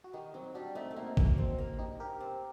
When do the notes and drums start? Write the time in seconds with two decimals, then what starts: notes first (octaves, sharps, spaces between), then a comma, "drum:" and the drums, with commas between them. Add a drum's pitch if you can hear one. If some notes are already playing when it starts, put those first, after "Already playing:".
0.04 F#4
0.13 D#3 D#4 G4
0.34 F#3 C4 D#4
0.54 G3 D4 F#4
0.75 A3 C4 D#4
0.91 A3
0.96 A#3 C4 D#4
1.17 A#3, drum: kick G#1
1.38 C4
1.58 A#3
1.79 D#4 G4
2.00 G4 A#4
2.20 C4